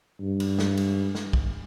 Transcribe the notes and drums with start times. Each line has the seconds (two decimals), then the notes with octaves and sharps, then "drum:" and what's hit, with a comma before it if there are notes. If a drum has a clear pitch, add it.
0.21 G2
0.40 drum: cymbal
0.59 drum: snare
0.77 drum: cymbal
1.15 drum: snare
1.33 drum: kick